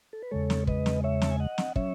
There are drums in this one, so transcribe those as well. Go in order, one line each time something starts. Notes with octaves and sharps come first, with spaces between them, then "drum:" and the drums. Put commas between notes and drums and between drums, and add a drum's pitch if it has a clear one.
A4
B4
E2 C#3 G#3 A4 C#5
drum: snare
B4 D#5, drum: kick
drum: snare
C#5 E5
A5, drum: snare
G#5
D#5 F#5
drum: snare
F#3 C#4 C#5 E5, drum: kick